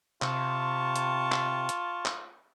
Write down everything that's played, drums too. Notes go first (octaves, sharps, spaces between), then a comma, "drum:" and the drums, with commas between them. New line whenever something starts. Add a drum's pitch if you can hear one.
C3 F4 A5 C#6, drum: clap
drum: hi-hat
drum: clap
drum: hi-hat
drum: clap